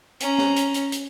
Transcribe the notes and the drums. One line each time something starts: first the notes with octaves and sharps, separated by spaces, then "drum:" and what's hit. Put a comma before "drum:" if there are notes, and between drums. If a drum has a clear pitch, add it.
C#4 A#5, drum: hi-hat
drum: snare
drum: hi-hat
drum: hi-hat
drum: hi-hat